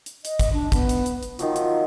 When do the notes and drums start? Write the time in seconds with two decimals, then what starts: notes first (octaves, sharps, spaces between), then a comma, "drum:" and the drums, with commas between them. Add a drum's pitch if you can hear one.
0.06 drum: hi-hat
0.25 D#5, drum: hi-hat
0.39 drum: kick, hi-hat
0.53 D4
0.72 B3, drum: kick, hi-hat
0.89 drum: hi-hat
1.06 drum: hi-hat
1.23 drum: hi-hat
1.39 D#3 F3 F#3 F4, drum: hi-hat
1.56 drum: hi-hat